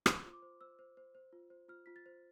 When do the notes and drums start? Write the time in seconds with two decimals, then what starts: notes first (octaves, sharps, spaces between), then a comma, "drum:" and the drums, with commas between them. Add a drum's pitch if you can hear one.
0.06 C5 C6, drum: rim click
0.25 F4
0.33 D6
0.42 C5
0.61 C5 E6
0.79 C5
0.97 C5
1.15 C5
1.33 F4
1.50 C5
1.68 F4 F6
1.86 F4 B6
1.96 A6
2.06 C5